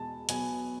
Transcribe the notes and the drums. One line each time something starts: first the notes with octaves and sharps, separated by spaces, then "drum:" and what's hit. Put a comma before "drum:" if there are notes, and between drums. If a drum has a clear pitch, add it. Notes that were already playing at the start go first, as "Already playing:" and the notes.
Already playing: E2 B2 G#3 B3 A5
B2 F#3 B3 G#5, drum: hi-hat